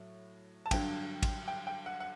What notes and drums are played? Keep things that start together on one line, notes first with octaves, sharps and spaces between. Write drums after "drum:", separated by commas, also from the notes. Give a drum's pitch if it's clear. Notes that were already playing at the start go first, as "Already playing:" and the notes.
Already playing: A2 F#3
A5
G2 D3 F#3 G5, drum: kick, cymbal
drum: kick, cymbal
G5
G5
F#5
F#5